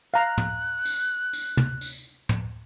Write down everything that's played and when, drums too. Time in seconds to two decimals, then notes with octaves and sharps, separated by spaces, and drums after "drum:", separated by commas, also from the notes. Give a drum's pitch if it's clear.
0.14 F5 A#5 F#6
0.38 drum: tom
0.86 drum: tambourine
1.33 drum: tambourine
1.57 drum: tom
1.81 drum: tambourine
2.29 drum: tom